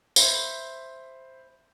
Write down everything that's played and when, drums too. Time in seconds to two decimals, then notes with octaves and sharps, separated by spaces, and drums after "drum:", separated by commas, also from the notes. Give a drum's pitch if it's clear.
0.16 C5 E5 B5, drum: tambourine